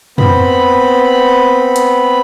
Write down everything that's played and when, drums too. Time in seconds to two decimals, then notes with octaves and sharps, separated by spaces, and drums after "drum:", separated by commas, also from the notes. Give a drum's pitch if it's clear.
0.18 B3 C4 B5, drum: tom
1.76 drum: hi-hat